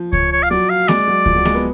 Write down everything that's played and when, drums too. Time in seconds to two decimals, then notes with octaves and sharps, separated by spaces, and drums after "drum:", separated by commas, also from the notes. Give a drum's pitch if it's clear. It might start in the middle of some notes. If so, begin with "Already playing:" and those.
Already playing: F3
0.13 C#5, drum: kick C#2
0.32 C#5
0.43 F5
0.51 F#3 D5
0.70 F5
0.88 G#3 D5, drum: snare A#3
1.08 F#3
1.26 F3, drum: kick C#2
1.36 F#3
1.45 G#3, drum: snare A#3
1.55 B3